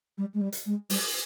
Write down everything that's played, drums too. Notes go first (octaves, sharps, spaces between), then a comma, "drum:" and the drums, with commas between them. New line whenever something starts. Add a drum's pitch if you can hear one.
G3
G#3
G3
drum: hi-hat
G#3
G3, drum: open hi-hat